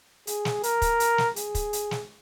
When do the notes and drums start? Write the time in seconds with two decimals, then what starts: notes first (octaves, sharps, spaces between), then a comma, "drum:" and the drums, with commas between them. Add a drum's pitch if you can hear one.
0.27 G#4, drum: hi-hat
0.45 drum: snare
0.63 A#4, drum: hi-hat
0.82 drum: kick, hi-hat
1.00 drum: hi-hat
1.18 drum: snare
1.36 G#4, drum: hi-hat
1.55 drum: kick, hi-hat
1.73 drum: hi-hat
1.91 drum: snare